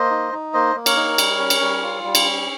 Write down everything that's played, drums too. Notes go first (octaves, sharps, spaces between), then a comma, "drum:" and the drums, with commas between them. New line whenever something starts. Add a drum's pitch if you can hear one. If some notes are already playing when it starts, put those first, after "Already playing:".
Already playing: A#3 C5 D#5
D#4
D#4
A#3 C5 D#5
A#3
A#4 C#5, drum: cymbal
D#4
G3, drum: cymbal
C#4
drum: cymbal
G3
F4
G3
drum: cymbal
C#4